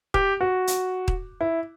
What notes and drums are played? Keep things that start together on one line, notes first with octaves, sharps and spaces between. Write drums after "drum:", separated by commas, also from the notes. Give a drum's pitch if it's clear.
G4, drum: kick D#1
F#4
drum: hi-hat
drum: kick D#1
E4